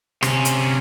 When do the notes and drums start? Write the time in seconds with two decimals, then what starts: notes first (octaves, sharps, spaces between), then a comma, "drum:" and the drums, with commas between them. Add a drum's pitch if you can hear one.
0.23 C3 C#4, drum: rim click
0.45 drum: hi-hat